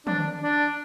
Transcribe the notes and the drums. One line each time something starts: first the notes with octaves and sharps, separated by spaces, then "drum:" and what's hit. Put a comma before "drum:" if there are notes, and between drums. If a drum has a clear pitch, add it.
D4, drum: tom
D4